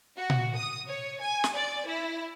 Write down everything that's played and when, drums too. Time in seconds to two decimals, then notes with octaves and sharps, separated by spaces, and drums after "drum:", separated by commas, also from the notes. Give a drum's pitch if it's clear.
0.16 F#4
0.30 drum: tom A#2
0.55 D#6
0.87 C#5
1.21 G#5
1.44 drum: snare
1.55 D5
1.86 E4